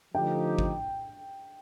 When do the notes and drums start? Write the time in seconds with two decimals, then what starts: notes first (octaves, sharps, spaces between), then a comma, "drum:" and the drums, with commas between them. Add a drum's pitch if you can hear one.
0.14 D3 F3 A3 D#4 G4 G5
0.59 drum: kick G#1